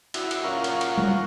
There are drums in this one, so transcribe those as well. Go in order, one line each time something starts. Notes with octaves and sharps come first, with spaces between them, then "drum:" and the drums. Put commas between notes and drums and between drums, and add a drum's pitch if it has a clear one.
E4 F#4, drum: cymbal
drum: cymbal
C#4 F4 A#4 F#5
drum: cymbal
drum: cymbal
drum: tom G3